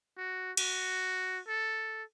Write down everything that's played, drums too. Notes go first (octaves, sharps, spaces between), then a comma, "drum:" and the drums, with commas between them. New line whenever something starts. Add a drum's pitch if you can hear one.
F#4
F#4, drum: cymbal
A4